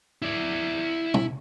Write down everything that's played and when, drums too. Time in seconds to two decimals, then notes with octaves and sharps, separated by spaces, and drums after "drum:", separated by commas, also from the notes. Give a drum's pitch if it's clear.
0.22 E4 D5
1.14 drum: tom